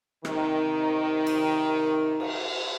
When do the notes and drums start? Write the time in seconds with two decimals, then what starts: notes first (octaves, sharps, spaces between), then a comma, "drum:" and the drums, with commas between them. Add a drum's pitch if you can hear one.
0.25 C3 D#3, drum: rim click
1.27 drum: cymbal
2.20 drum: cymbal